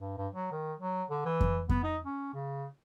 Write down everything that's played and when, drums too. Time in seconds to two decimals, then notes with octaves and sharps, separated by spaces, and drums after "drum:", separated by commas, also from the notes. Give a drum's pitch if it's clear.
0.01 G2
0.18 G2
0.33 F#3
0.52 D#3
0.80 F#3
1.10 D3
1.25 E3
1.41 drum: kick F2
1.69 B3, drum: kick F2
1.84 D#4
2.06 C#4
2.34 C#3